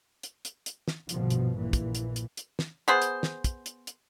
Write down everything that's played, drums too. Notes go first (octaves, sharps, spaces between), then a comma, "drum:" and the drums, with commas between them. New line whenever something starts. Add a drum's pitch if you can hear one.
drum: hi-hat
drum: hi-hat
drum: hi-hat
drum: snare
A#1 G2 B2 D3 F3, drum: hi-hat
drum: hi-hat
A#1 A#2 E3
drum: kick, hi-hat
drum: hi-hat
drum: hi-hat
drum: hi-hat
drum: snare
B3 G#4 C5
drum: hi-hat
drum: snare
drum: kick, hi-hat
drum: hi-hat
drum: hi-hat